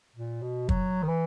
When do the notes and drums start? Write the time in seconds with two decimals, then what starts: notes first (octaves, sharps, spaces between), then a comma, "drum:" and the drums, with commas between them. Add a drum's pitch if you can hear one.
0.16 A#2
0.42 B2
0.69 F#3, drum: kick
1.03 D#3
1.08 E3